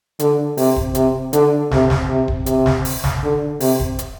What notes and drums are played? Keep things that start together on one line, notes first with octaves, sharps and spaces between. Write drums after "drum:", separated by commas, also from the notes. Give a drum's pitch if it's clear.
D3, drum: hi-hat
C3, drum: open hi-hat
drum: kick D#1
C3, drum: hi-hat
D3, drum: hi-hat
C3, drum: snare
drum: snare
C3
drum: kick D#1
C3, drum: hi-hat
drum: snare
drum: open hi-hat
drum: snare
D3
C3, drum: open hi-hat
drum: kick D#1
drum: hi-hat